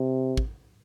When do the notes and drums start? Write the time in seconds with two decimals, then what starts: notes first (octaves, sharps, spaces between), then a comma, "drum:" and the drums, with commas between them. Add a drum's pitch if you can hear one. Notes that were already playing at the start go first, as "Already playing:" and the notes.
Already playing: C3
0.37 drum: kick